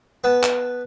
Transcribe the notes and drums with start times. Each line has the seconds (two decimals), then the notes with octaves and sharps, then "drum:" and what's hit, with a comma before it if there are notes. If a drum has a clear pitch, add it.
0.24 B3 B4 A5
0.43 drum: clap